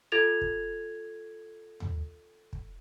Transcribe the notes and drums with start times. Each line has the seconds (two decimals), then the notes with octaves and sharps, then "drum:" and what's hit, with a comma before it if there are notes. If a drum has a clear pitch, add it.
0.12 F4 A4 G#6 A6 F7
0.41 drum: kick
1.80 drum: tom
2.53 drum: kick